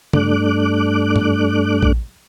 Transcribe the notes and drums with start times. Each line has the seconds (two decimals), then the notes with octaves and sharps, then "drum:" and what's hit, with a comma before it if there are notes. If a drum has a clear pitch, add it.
0.13 G2 A3 D4 D6 F#6, drum: tom
1.16 drum: tom
1.83 drum: kick